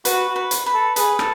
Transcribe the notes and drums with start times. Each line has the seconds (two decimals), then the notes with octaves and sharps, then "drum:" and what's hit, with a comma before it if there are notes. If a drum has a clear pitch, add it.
0.05 F#4 B4, drum: hi-hat
0.28 F#4
0.36 B4
0.51 drum: hi-hat
0.66 B4
0.74 A4
0.96 G#4 B4, drum: hi-hat
1.19 A4, drum: rim click